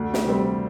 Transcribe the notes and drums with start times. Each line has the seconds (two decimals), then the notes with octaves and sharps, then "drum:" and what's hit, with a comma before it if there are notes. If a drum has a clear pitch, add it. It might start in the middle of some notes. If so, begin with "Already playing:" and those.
Already playing: D2
0.14 drum: snare
0.26 C3 G3 C4